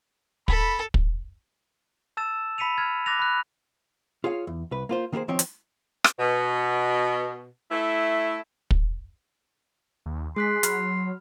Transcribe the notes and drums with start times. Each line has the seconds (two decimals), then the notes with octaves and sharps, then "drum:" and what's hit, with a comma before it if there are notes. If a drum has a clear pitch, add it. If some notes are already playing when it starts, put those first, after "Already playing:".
0.48 A4 B5, drum: kick
0.94 drum: kick
2.17 A5 E6 A6 E7
2.58 A5 B5 B6 C#7 D#7 F7
2.78 F6 G#6 A6
3.06 D6 F#6 A6 A#6 F7
3.19 B5 F#6
4.24 F4 G#4 C#5 F5
4.47 E2
4.71 C2 B4
4.89 A#3 F4 C5
5.12 D#3 A#3 D#4 E4 G#4 C5
5.28 D#3 F3 C4 C#5 G5
5.39 drum: hi-hat
6.04 drum: rim click
6.19 B2
7.71 A3 E4
8.71 drum: kick
10.06 D#2
10.36 G#3 G#4 C6 F#6 B6
10.63 F#3 B5 F6, drum: hi-hat